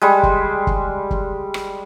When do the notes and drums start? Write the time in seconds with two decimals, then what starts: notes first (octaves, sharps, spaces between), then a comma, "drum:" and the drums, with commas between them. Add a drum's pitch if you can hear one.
0.02 G3 G#3
0.23 drum: kick
0.67 drum: kick
1.11 drum: kick
1.54 drum: rim click